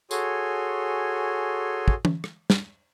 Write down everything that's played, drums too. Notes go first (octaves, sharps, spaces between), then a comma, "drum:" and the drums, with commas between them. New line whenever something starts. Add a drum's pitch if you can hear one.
F#4 G#4 A4 C#5 G#5 C6, drum: tambourine
drum: kick
drum: tom E3
drum: rim click
drum: snare